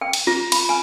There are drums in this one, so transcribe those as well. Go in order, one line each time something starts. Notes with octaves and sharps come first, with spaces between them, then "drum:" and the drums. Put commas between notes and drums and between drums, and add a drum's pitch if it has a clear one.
G5
drum: cymbal
F4
B5, drum: cymbal
G#5